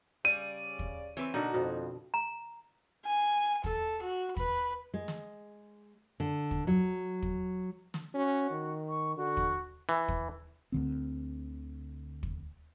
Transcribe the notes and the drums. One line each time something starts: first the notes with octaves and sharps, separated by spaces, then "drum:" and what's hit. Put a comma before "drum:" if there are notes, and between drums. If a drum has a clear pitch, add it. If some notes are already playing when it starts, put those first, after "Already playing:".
C#3 G3 D5 D#7
drum: kick
E3 C4 B4 C#5
B2 D3 A#3 D#4 F#4
F2 B2
A#5
G#5
A4, drum: kick
F#4
B4, drum: kick
G#3
drum: snare
D3
drum: kick
F#3
drum: kick
drum: snare
C#4 F#4
D#3
C#6
D3 F#4
drum: kick
E3
drum: kick
D2 D3 C4
drum: kick